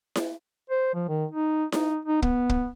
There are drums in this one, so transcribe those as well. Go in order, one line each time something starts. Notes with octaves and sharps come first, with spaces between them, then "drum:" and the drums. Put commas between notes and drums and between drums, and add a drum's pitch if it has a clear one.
drum: snare E4
C5
F3
D#3
D#4
D#4, drum: snare E4
D#4
B3, drum: kick
drum: kick